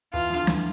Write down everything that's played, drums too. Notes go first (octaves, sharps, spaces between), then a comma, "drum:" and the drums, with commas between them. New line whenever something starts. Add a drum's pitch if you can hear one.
E2 F4
D3 F3
E2, drum: snare